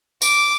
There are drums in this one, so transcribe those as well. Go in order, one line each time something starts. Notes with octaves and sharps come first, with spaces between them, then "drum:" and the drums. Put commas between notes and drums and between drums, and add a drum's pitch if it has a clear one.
D6, drum: tambourine